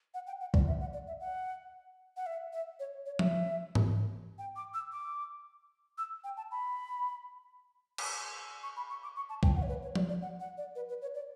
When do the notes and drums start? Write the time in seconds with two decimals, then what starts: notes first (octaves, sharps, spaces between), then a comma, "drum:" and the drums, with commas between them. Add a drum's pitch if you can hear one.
0.14 F#5
0.27 G5
0.41 F#5
0.54 D5, drum: kick
0.67 E5
0.81 F#5
0.93 D5
1.07 E5
1.20 F#5
2.17 F#5
2.26 E5
2.53 E5
2.80 C#5
3.06 C#5
3.19 E5, drum: tom F3
3.75 drum: tom G#2
4.39 G5
4.56 D6
4.74 E6
4.92 D6
5.98 E6
6.24 G5
6.37 A5
6.51 B5
7.98 drum: cymbal
8.63 C#6
8.76 B5
8.90 C#6
9.03 D6
9.16 C#6
9.29 A5
9.43 G5, drum: kick
9.56 F#5
9.63 C#5
9.69 B4
9.82 C#5
9.95 D5, drum: tom F3
10.09 D5
10.22 F#5
10.40 F#5
10.57 D5
10.76 B4
10.89 B4
11.02 C#5
11.15 D5